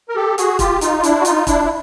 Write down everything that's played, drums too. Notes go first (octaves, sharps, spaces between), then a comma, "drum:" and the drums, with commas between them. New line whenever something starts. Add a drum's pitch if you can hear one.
A#4
G4 A4
F#4 G#4, drum: hi-hat
F4 G4, drum: kick, hi-hat
D#4 F4, drum: hi-hat
F4
D4 E4, drum: hi-hat
F#4
D#4 F4, drum: hi-hat
D4 E4, drum: kick, hi-hat
E4